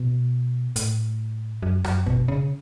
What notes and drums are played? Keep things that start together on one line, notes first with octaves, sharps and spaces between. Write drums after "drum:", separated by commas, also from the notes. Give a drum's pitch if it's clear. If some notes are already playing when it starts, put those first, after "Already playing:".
Already playing: B2
A2, drum: hi-hat
F#2
F#2, drum: rim click
B2, drum: kick F#2
C#3